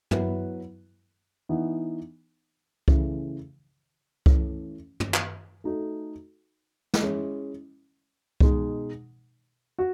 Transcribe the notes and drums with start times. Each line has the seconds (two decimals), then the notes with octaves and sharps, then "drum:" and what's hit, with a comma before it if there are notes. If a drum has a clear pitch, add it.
0.11 F#3 B3 E4 B4, drum: tom
1.49 E3 B3 D#4
2.88 C#3 E3 A3, drum: kick C2
4.26 E3 A3 C#4, drum: kick C2
5.00 drum: tom
5.14 drum: clap
5.64 A3 D#4 F#4 A4
6.94 drum: snare
7.03 G#3 C#4 E4
8.40 B2 G#3 D#4, drum: kick C2
9.79 F#4